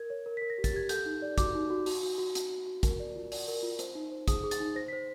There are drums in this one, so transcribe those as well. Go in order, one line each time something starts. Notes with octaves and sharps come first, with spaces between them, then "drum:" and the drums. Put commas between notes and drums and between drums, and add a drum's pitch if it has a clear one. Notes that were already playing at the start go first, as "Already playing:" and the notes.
Already playing: A#4 G#6
C#5
A#4
A#4 B6
A#6
G4
A6, drum: kick, hi-hat
G4 G#6
A4 G6, drum: hi-hat
D#4
D5
F#4 D6, drum: kick, hi-hat
D#4
F#4
F#4, drum: open hi-hat
F#4
F#4
F#4, drum: hi-hat
F#4
F#4
A#4, drum: kick, hi-hat
D5
F4
D5, drum: open hi-hat
A#4
F4
C5, drum: hi-hat
D#4
C5
G#4 D#6, drum: kick, hi-hat
G#4
A6, drum: hi-hat
D#4
C5 A#6
C5 B6